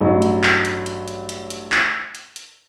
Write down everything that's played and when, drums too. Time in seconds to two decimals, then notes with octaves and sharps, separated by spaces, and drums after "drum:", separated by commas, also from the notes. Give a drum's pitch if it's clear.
0.01 A1 G2 F#3
0.22 drum: hi-hat
0.43 drum: clap
0.65 drum: hi-hat
0.86 drum: hi-hat
1.08 drum: hi-hat
1.29 drum: hi-hat
1.50 drum: hi-hat
1.72 drum: clap
2.15 drum: hi-hat
2.36 drum: hi-hat